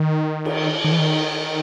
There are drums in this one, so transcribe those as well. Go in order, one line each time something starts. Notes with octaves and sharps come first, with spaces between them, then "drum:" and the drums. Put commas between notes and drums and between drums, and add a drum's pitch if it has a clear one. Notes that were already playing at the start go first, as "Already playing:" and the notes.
Already playing: D#3
drum: cymbal
D#3
E3
D#3